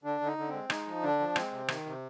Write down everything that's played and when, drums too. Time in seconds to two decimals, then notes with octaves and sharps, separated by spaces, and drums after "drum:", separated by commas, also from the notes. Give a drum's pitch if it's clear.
0.04 D3 D4
0.20 D3
0.26 D#4
0.38 D3
0.48 C4
0.53 G#3
0.70 G#3 D#4, drum: rim click
0.86 F3
1.02 D3 D4
1.19 F3
1.36 G#3 C4, drum: rim click
1.52 C3
1.68 D#3, drum: rim click
1.86 C3